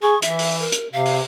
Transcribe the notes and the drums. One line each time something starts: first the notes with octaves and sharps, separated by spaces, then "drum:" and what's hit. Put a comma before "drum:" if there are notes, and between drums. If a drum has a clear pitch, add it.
G#4 C#6
E3 E5, drum: hi-hat
drum: open hi-hat
A#4
drum: hi-hat
C3 F5
drum: open hi-hat